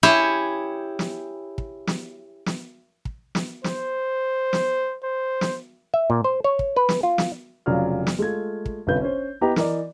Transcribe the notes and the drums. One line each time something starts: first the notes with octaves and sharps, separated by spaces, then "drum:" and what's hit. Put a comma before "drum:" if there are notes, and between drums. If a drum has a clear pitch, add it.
E4 G4 G#4 C#5
drum: snare
drum: kick
drum: snare
drum: snare
drum: kick
drum: snare
C5, drum: snare
drum: snare
C5
drum: snare
E5
A#2
C5
C#5
drum: kick
B4
drum: snare
F4
drum: snare
F1 C#3 F#3 F4 D5 F6
drum: snare
G#3 A3 F4 G#6
drum: kick
G1 C2 C#4 F4 B4 G6
C#4 C5
B3 E4 G4 B4 D#5 A#5
E3 A#4 D5 D#5 D6, drum: snare